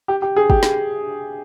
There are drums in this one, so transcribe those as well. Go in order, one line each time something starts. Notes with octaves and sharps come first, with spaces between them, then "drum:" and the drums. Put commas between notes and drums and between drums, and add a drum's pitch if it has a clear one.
G4
G4
G#4
G4, drum: kick
drum: snare